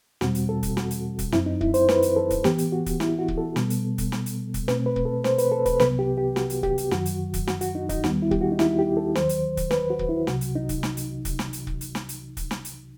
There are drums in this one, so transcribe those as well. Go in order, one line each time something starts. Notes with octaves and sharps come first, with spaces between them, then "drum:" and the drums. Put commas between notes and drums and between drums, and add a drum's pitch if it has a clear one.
E2 B2 G3 C4 F#4, drum: snare
drum: hi-hat
A4
drum: kick, hi-hat
F#4, drum: snare
drum: hi-hat
drum: kick, hi-hat
F#2 F#3 C4 E4, drum: snare
D#4
E4, drum: kick
C5, drum: hi-hat
B4, drum: snare
drum: hi-hat
A4
drum: kick, hi-hat
A2 E3 B3 G4, drum: snare
drum: hi-hat
F#4
drum: kick, hi-hat
E4, drum: snare
F#4
drum: kick
A4
B2 G3 B3, drum: snare
drum: hi-hat
drum: kick, hi-hat
drum: snare
drum: hi-hat
drum: kick, hi-hat
B2 A3 C4 B4, drum: snare
B4
drum: kick
A4
C5, drum: snare
B4, drum: hi-hat
A4
B4, drum: kick, hi-hat
C2 C3 F#3 B3 B4, drum: snare
G4
G4
F#4, drum: snare
drum: hi-hat
G4, drum: kick
drum: hi-hat
F#2 D#3 F#3 F#4, drum: snare
drum: hi-hat
drum: kick, hi-hat
F#4, drum: snare
F#4, drum: hi-hat
D#4
D#4, drum: kick, hi-hat
D#2 D#3 G3 B3 F#4, drum: snare
E4
G4, drum: kick
F#4
D#4
E4, drum: snare
G4
A4
D#2 D#3 F#3 C5, drum: snare
drum: hi-hat
drum: kick, hi-hat
B4, drum: snare
F#4
drum: kick
E4
C2 C3 F#3 F#4, drum: snare
drum: hi-hat
D#4
drum: kick, hi-hat
drum: snare
drum: hi-hat
drum: kick, hi-hat
drum: snare
drum: hi-hat
drum: kick
drum: hi-hat
drum: snare
drum: hi-hat
drum: kick, hi-hat
drum: snare
drum: hi-hat